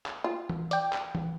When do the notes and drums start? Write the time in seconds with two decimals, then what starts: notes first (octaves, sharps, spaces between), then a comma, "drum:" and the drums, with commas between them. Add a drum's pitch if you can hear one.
0.06 drum: clap
0.24 F4
0.49 drum: tom E3
0.71 D5 G5, drum: hi-hat
0.93 drum: clap
1.15 drum: tom E3